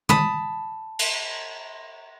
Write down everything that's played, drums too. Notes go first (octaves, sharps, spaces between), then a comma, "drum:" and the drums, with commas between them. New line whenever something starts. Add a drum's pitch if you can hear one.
A5 B5 D#6, drum: tom
drum: cymbal